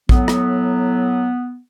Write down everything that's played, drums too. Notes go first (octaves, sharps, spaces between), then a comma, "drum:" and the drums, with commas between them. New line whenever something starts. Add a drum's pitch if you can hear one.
A2 F#3 B3, drum: kick
drum: rim click